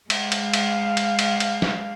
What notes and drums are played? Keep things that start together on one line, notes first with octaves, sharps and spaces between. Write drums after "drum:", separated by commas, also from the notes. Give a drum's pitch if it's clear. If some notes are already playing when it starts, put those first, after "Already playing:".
G#3 F5, drum: cymbal
drum: cymbal
drum: cymbal
drum: cymbal
drum: cymbal
drum: cymbal
drum: snare